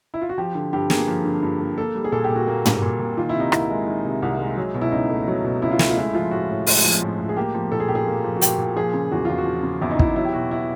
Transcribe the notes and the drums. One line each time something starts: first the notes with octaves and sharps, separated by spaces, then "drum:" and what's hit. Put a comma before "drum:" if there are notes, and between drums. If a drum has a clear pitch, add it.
E4
F4
F#4
F3 G4
D3
G2 G4
A#3 G#4, drum: snare
F3
D3
G2
A#3
A#3 A4
G3
G#4
A#2 A4
G4
A#2
F#4
A#3
G3, drum: tom
A#2
A#2
D#3 F4
E4
C3 D#4
C2 E4, drum: rim click
G#3
D#3
C3
C2
G#3
F#3
B2
E4
C#2 D#4
A3
F#3
B2
C#2 E4
F4
A3 E4, drum: snare
F4
G#3 E4
F3 F4
A2 F#4
A2
G#3, drum: open hi-hat
F3
A2
A2
G#4
A#3 G4
F3
A#2 A4
G#4
A#2 G4
G#4
A#3
F3
F#4
A#2 G4, drum: hi-hat
A#2
F3 G#4
C#3
E2 F#4
E2 F4
F#4
F3
C#3
E2 E4
D#4
E2 E4, drum: kick
F#3 E4
G4
B2 F#4
E4